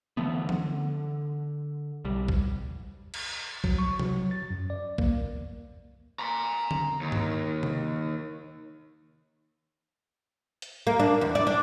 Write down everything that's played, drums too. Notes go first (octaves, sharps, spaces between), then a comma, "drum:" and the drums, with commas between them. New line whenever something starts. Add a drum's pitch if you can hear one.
D3 E3 A3 B3
D3, drum: tom E3
B1 G3
drum: kick
drum: cymbal
F#3, drum: kick
C#6
F#3, drum: tom C3
A6
F#2
D5
A#3, drum: kick
A#5 C6
drum: tom D3
D#2
drum: tom G2
drum: tom C3
drum: hi-hat
A#3
D4
E2
D5
D4